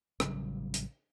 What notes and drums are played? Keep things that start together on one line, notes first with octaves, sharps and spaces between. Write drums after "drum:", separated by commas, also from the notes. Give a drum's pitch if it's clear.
A1 C#3 F#3 G3, drum: rim click
drum: hi-hat